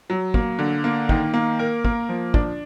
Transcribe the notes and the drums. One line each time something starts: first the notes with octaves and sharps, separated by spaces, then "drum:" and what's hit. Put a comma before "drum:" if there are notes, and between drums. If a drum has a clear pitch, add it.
F#3
A#3, drum: kick
D3
A#3
D#3, drum: kick
A#3
A#4
A#3, drum: kick
F3
D4, drum: kick